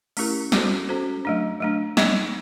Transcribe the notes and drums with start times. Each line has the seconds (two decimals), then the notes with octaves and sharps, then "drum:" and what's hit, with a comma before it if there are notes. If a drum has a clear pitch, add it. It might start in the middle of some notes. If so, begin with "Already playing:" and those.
0.17 A3 C#4 E4 G4 A#4, drum: open hi-hat
0.52 C#4 F#4 A4 C5, drum: snare
0.89 C#4 F#4 A4 C5
1.25 F#3 A3 D4
1.60 F#3 A3 D4
1.97 F#3 A#3 D#4, drum: snare